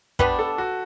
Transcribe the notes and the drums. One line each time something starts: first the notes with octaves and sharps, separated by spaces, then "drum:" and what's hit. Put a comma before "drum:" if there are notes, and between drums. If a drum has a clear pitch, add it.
G3 B3 D4 B4, drum: kick
A4
F#4